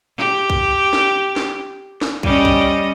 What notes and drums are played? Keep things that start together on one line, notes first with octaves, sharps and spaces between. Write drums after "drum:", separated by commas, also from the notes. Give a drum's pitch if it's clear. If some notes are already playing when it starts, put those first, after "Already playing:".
G4
drum: kick
drum: snare
drum: snare
drum: snare
G3 C#4 D#5, drum: kick
drum: kick